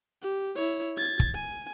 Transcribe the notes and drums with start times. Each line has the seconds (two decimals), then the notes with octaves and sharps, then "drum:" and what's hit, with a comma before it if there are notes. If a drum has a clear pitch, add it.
0.22 G4
0.56 E4 C#5
0.97 G#6 A6
1.20 drum: kick
1.35 G#5